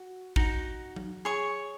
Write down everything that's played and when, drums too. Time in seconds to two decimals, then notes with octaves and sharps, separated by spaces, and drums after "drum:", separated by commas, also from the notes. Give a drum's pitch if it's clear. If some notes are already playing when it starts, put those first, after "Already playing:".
Already playing: F#4
0.36 D#4 F#4, drum: kick
0.96 drum: tom F#3
1.25 G#4 C#5 C#6